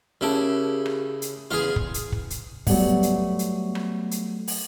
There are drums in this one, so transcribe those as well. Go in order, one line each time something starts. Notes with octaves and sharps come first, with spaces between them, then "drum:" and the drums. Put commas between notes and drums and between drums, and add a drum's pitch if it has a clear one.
C#3 E4 G4 A#4 A5
drum: rim click
drum: hi-hat
E2 C#3 E3 F4 G#4
drum: kick
drum: hi-hat
drum: kick
drum: hi-hat
F#3 G3 A3 B3 E5, drum: kick, open hi-hat
drum: hi-hat
drum: hi-hat
drum: rim click
drum: hi-hat
drum: open hi-hat